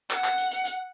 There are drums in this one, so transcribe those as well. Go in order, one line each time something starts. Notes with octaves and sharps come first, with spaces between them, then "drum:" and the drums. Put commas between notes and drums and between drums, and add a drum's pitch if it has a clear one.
F#5, drum: clap
drum: clap
drum: hi-hat
drum: hi-hat
drum: hi-hat